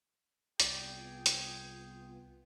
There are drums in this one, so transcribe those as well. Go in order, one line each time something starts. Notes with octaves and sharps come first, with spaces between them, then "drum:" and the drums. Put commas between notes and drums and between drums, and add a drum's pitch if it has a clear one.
C2 B3 F4 G#4 D5 G5, drum: hi-hat
drum: hi-hat